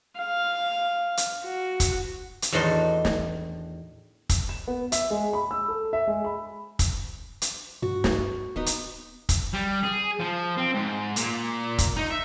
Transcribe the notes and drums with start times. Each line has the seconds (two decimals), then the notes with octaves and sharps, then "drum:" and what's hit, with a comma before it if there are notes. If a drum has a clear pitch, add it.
0.18 F5
1.17 drum: hi-hat
1.45 F#4
1.80 drum: kick, hi-hat
2.42 drum: hi-hat
2.53 E2 A2 D#3 D4 F#4 C6
3.05 drum: snare
4.29 drum: kick, hi-hat
4.49 E7
4.68 B3
4.92 E5, drum: hi-hat
5.10 G#3
5.33 B5
5.51 E6
5.68 A4
5.93 E5
6.07 G#3
6.25 B5
6.79 drum: kick, hi-hat
7.42 drum: hi-hat
7.82 G2 F#4
8.04 drum: snare
8.56 D1 B3 D#4 B4
8.66 drum: hi-hat
9.29 drum: kick, hi-hat
9.54 G3
9.84 G#4
10.20 F3
10.57 C4
10.74 G#2
11.16 A#2, drum: hi-hat
11.78 drum: kick, hi-hat
11.97 D#4
12.11 E5